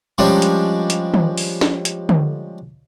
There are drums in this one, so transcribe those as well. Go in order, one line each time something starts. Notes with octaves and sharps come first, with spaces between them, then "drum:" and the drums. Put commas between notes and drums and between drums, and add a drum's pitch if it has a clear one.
F3 G3 G#3 C#4 D4 F4
drum: hi-hat
drum: hi-hat
drum: tom D#3
drum: open hi-hat
drum: snare
drum: hi-hat
drum: tom D3